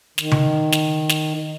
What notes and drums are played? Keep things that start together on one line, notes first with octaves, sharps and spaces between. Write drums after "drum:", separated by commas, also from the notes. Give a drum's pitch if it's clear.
D#3, drum: snare
drum: tom C#3
drum: snare
drum: snare